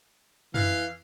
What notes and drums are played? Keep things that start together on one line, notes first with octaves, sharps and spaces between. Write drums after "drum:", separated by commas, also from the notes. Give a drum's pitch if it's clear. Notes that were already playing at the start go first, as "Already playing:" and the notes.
E3 F5, drum: tom